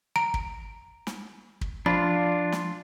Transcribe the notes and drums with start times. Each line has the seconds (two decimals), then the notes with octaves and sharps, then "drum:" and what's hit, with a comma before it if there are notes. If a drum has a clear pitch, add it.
0.16 A#5 D7
0.34 drum: kick
1.07 drum: snare
1.61 drum: kick
1.86 F3 D4 F4 B5
2.52 drum: snare